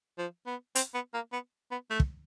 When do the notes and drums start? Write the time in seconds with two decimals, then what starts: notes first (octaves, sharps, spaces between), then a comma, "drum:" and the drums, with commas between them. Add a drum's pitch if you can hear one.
0.18 F3
0.47 B3
0.75 C4, drum: hi-hat
0.94 B3
1.14 A#3
1.33 B3
1.71 B3
1.90 A3
2.00 drum: kick